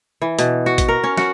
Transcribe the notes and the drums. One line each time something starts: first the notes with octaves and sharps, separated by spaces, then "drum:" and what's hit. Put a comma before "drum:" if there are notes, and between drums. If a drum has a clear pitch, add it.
E3
B2, drum: hi-hat
F#4
drum: kick A1, hi-hat
A#4
C#4
F#4, drum: snare